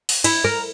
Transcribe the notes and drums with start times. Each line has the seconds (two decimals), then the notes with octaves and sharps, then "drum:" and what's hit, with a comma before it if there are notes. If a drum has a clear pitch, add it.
0.09 drum: open hi-hat
0.24 E4, drum: cymbal
0.44 A#4